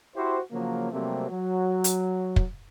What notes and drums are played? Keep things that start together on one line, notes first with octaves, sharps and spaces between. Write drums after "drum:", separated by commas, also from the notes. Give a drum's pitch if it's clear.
E4 F#4 G4 C5
C#3 F3 F#3 A#3
C3 F#3 G3 A3 A#3 C4
F#3
drum: hi-hat
drum: kick